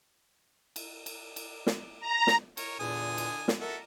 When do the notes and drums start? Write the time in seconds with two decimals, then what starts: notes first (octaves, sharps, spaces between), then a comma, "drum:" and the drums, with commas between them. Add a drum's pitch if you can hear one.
0.76 drum: cymbal
1.06 drum: cymbal
1.36 drum: cymbal
1.67 drum: snare
2.00 A#5
2.27 drum: snare
2.57 A#4 C#5, drum: cymbal
2.80 E2 A#2 D3 G#5 D#6
3.18 drum: cymbal
3.48 drum: snare
3.61 F#4 A4 A#4 E5